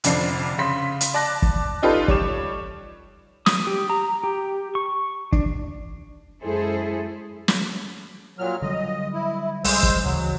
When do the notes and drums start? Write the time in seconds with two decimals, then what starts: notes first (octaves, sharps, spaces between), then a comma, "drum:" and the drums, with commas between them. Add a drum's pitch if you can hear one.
0.04 F1 F2 D3 D5 C7, drum: hi-hat
0.58 C#3 B5 C6 B6
1.01 drum: hi-hat
1.14 D5 A5 D6 F#6 A#6
1.42 drum: kick
1.82 D4 D#4 F4 G4 A4 B4
2.08 G3 C#5 D6 E7, drum: kick
3.46 D#6, drum: snare
3.67 G4
3.90 A#5
4.24 G4
4.75 C#6
5.33 D4, drum: kick
6.42 F#2 G#3 E4 G#4 A4 C5
7.48 drum: snare
8.39 A#2 F#3 F6
8.62 D3 F#3 G3 D#5
9.13 E4
9.64 C2 G3 G#3 C5 E6, drum: open hi-hat
9.83 drum: kick
10.04 D2 C#3 E3 F#3